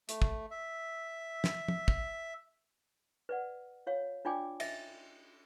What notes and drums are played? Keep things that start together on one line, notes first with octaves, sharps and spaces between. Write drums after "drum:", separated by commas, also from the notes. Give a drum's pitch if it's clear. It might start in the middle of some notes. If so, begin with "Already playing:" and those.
A3, drum: hi-hat
drum: kick
E5
drum: snare
drum: tom
drum: kick
B4 D5 F#5
F4 C#5 F5
D4 F4 D5 G5 G#5 D6
D#5 E5, drum: cymbal